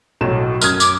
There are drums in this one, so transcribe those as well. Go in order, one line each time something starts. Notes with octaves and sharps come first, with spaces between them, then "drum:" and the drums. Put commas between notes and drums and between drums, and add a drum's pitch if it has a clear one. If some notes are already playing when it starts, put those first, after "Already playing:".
B1 A2 F#3 E7
F#2 D#6 F6 G#6, drum: tambourine
D6, drum: tambourine